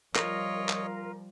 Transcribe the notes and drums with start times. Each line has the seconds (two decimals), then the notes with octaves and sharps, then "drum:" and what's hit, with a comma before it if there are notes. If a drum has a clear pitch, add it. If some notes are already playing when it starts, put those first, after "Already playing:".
0.16 F3 G3 F4 A#4 C#5 D#5, drum: clap
0.69 drum: clap